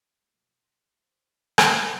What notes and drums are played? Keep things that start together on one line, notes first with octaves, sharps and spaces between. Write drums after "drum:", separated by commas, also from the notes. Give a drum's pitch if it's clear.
G#3 A#3
B2 F3 F#3 A3
C6 A#6 B6
C5
drum: rim click